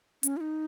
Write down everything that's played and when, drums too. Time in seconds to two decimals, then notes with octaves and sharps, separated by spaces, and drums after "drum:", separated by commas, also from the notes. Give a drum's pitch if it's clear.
0.23 C#4, drum: hi-hat
0.37 F4
0.41 D#4